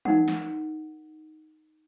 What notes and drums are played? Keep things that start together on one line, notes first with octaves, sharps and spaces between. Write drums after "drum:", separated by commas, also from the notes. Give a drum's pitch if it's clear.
D#4 A#4 F#5, drum: tom E3
drum: snare